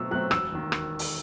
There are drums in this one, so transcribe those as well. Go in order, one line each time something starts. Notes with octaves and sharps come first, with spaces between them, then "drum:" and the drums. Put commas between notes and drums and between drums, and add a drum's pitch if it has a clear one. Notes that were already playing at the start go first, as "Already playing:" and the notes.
Already playing: B2 F#3 A3 C4 E6
F#3 A3 C4 F#6
E1 E6, drum: rim click
D#2 D#3
drum: rim click
drum: open hi-hat